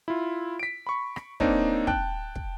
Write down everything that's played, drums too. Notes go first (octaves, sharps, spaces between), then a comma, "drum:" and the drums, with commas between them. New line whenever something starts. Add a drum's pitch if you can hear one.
E4 F4
B6 D7
B5 C#6
drum: rim click
A#3 C4 D4 D#4 C#5, drum: kick
G5 A5 F#6, drum: kick
drum: kick